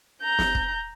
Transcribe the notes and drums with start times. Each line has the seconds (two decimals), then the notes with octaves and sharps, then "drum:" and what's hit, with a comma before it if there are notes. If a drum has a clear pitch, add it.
0.22 A#5 G6
0.39 drum: snare
0.55 drum: kick